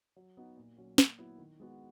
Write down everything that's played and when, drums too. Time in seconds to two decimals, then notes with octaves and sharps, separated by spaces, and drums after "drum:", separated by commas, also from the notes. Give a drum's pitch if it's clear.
0.16 F#3
0.37 B3 D#4 F#4
0.57 A#2
0.77 F#3 C#4
0.98 A#2, drum: snare
1.18 F#3 B3 E4
1.38 D#3
1.60 G#3 B3 F#4